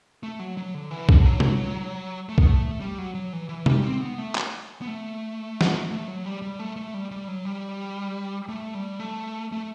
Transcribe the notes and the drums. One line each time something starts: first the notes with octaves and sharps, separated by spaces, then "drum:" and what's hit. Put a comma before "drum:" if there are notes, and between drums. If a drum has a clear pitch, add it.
A3
F#3
F#3
D3
E3
D3, drum: kick C2
F#3
drum: tom
A3
B3, drum: kick C2
A3
G3
F#3
F#3
E3
E3
G3, drum: tom
C4
B3
A3
drum: clap
B3
A3
drum: snare
A3
F#3
G3
G3
A3
A3
G3
G3
F#3
G3
A3
G3
A3
A3